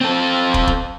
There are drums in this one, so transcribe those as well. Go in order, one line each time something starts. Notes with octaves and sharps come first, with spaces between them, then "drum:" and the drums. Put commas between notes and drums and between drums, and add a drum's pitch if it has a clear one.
C4 A4
drum: kick
drum: kick